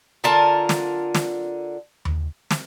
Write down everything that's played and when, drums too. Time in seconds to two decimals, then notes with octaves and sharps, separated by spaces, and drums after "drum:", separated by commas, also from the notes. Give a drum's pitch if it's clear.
0.24 D3 F4 A#4 A5
0.69 drum: snare
1.15 drum: snare
2.05 drum: tom D#2
2.51 drum: snare